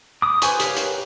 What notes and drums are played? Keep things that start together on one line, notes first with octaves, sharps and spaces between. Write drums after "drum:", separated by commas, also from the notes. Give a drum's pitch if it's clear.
D6 D#6
B4 C5 G#5 C#6, drum: hi-hat
G4 A#4 B4 C#5 F5, drum: hi-hat
drum: hi-hat